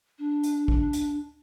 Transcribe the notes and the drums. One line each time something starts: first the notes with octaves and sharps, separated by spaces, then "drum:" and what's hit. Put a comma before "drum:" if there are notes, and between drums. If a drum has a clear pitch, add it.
D4
drum: hi-hat
drum: kick
drum: hi-hat